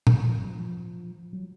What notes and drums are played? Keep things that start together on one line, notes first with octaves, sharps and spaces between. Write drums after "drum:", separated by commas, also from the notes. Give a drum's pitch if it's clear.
F#3, drum: tom A#2
F3
F3
F3
F#3